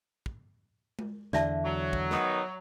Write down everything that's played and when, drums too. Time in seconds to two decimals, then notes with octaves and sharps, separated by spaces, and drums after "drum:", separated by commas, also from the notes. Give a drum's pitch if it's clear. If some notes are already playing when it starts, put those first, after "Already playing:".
0.26 drum: kick
0.99 drum: tom G#3
1.33 E2 D3 D5 E5 A5, drum: snare
1.64 F#3
1.93 drum: kick
2.11 D#3 B3 D#4, drum: snare